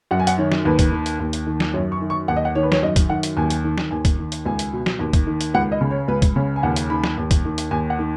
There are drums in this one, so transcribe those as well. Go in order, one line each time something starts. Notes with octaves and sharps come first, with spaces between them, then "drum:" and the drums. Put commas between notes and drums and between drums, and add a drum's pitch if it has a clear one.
F#2 F#5
G#5
F#5, drum: hi-hat
D#3 C#5
drum: snare
D#2 B4
drum: kick, hi-hat
D#3
drum: hi-hat
D#2
drum: hi-hat
D#3
drum: snare
F#2 C#5
C#6
D#3
C#6
D#2 F#5
D#5
F#5
D#3 C#5
B4
C#5, drum: snare
F#2 D#5
drum: kick, hi-hat
D#3 F#5
drum: hi-hat
D#2 G#5
drum: hi-hat
D#3
drum: snare
D#2 G#5
drum: kick, hi-hat
D#3
drum: hi-hat
C#2 G#5
drum: hi-hat
B2
drum: snare
D#2
drum: kick, hi-hat
D#3
drum: hi-hat
C#2 F#5
D#5
C#3
C#5
C#2 B4
drum: kick, hi-hat
C#3 C#5
G#5
D#2 F#5
drum: hi-hat
D#3 B5
drum: snare
D#2
drum: kick, hi-hat
D#3
drum: hi-hat
D#2 G#5
F#5
D#3